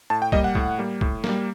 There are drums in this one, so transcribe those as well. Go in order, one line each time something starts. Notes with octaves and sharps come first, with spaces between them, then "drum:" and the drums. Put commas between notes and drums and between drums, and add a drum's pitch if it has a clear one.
A2 A5
G5
G3 A#3 D#5, drum: kick
F#5
A2, drum: kick
G3 A#3
A2, drum: kick
G3 A#3, drum: snare